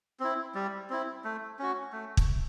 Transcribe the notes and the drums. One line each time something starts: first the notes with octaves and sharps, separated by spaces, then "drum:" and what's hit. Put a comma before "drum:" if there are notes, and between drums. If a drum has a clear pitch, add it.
C4 E4
G3
C4 E4
A3
C#4 F#4
A3
drum: kick